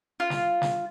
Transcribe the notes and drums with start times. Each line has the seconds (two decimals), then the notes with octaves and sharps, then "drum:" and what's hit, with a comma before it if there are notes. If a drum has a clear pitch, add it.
0.20 F4
0.30 drum: snare
0.62 drum: snare